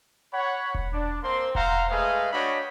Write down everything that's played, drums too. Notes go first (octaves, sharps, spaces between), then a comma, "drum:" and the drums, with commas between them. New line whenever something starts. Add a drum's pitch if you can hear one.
C#5 F#5 B5
drum: kick E1
D4
A#3 C4 C6
C5 F5 F#5 A#5, drum: kick E1
G#3 A3 G#4 B4 D#5 F5
D4 F#4 C#5 D#5 G5 B5